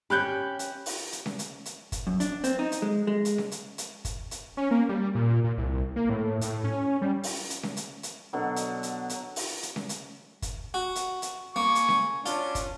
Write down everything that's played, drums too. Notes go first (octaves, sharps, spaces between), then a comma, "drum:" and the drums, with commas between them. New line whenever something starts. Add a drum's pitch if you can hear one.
C#4 G4 B5 F#6 G6
drum: hi-hat
drum: open hi-hat
drum: hi-hat
drum: snare C#4
drum: hi-hat
drum: hi-hat
drum: kick, hi-hat
F#2
D4, drum: hi-hat
C4, drum: hi-hat
D#4
drum: hi-hat
G#3
G#3
drum: hi-hat
drum: snare C#4
drum: hi-hat
drum: hi-hat
drum: kick, hi-hat
drum: hi-hat
C#4
A#3
G3
A#2
A#2
C2
A#3
A2
A2, drum: hi-hat
C#4
G3
drum: open hi-hat
drum: hi-hat
drum: snare C#4
drum: hi-hat
drum: hi-hat
B2 D3 F#3
drum: hi-hat
drum: hi-hat
drum: hi-hat
drum: open hi-hat
drum: hi-hat
drum: snare C#4
drum: hi-hat
drum: kick, hi-hat
F#4
drum: hi-hat
drum: hi-hat
A#3 G#5 C#6
drum: hi-hat
drum: snare C#4
C#4 D4 F4, drum: hi-hat
drum: kick, hi-hat